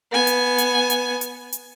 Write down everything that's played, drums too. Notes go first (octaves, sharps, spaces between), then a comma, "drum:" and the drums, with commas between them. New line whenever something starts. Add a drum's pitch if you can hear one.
B3 G#5
drum: hi-hat
drum: hi-hat
drum: hi-hat
drum: hi-hat
drum: hi-hat